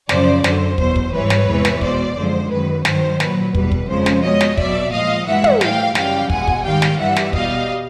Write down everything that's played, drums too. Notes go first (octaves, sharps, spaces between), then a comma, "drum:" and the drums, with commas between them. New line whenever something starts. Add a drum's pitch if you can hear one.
F#2 C#3 F3 C5 D5, drum: snare
F#2 D3 F#3 C5, drum: snare
E2 B2 F#3 C5, drum: kick
drum: kick
G#2 E3 G3 B4 C#5
drum: snare
E2 C3 E3 G#3
drum: snare
B2 G#3 C5 D5, drum: kick
F#2 D3 F3 G#3 C5
F#2 D#3 F#3 B4
G2 D#3 F#3 C5, drum: snare
A#2 F#3 B4, drum: snare
E2 B2 G3 B4, drum: kick
drum: kick
F2 C#3 F3 G#3 C5
drum: snare
B2 G#3 C#5 D#5
drum: snare
B2 F#3 D5 E5, drum: kick
A#2 F3 G#3 D#5 F5
G2 E3 G#3 E5 F#5
drum: tom
A2 E3 G3 F5 G5, drum: snare
F#2 C#3 E3 G3 F5 G5, drum: snare
E2 B2 G#3 F#5 G#5, drum: kick
drum: kick
G#2 D#3 G3 F5 G5
drum: snare
G2 E3 G3 E5 F#5
drum: snare
B2 G3 D#5 F5, drum: kick